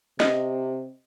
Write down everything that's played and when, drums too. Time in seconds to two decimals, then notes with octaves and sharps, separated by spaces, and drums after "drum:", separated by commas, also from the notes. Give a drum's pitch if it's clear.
0.20 C3 D#5, drum: snare